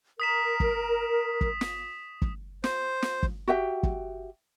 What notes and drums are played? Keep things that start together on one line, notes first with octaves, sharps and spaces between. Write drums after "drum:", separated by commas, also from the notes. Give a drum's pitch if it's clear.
A#4 D#6 B6 E7
drum: kick
drum: kick
drum: snare
drum: kick
C5, drum: snare
drum: snare
drum: kick
F#4 G4 E5 G5
drum: kick